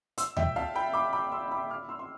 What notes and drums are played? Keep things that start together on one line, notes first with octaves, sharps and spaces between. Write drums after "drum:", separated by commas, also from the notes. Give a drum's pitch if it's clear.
C6 E6, drum: hi-hat
E5 G5, drum: tom D#2
F5 A5
G5 B5
B5 D6
B5 D6
C6 E6
B5 D6
D6 F6
C6 E6
C6